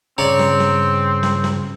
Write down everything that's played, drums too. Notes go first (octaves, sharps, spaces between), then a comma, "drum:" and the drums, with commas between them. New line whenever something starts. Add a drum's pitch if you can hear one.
G2 C#3 C4 C#5 D5 A#5
drum: snare
drum: snare
drum: snare
drum: snare